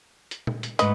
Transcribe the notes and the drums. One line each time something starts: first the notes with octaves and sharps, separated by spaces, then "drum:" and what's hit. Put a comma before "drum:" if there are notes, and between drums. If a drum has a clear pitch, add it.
drum: hi-hat
drum: tom A#2
drum: hi-hat
G#2 A3 B4 D#5, drum: hi-hat